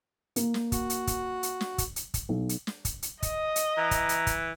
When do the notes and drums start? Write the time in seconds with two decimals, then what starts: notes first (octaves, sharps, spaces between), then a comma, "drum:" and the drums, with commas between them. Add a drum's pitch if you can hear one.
0.36 A#3, drum: hi-hat
0.54 drum: snare
0.72 F#4, drum: kick, hi-hat
0.90 drum: hi-hat
1.07 drum: kick, hi-hat
1.43 drum: hi-hat
1.61 drum: snare
1.78 drum: kick, hi-hat
1.96 drum: hi-hat
2.14 drum: kick, hi-hat
2.29 B1
2.49 drum: hi-hat
2.67 drum: snare
2.85 drum: kick, hi-hat
3.02 drum: hi-hat
3.22 D#5, drum: kick, hi-hat
3.56 drum: hi-hat
3.78 E3 A#5
3.91 drum: kick, hi-hat
4.09 drum: hi-hat
4.27 drum: kick, hi-hat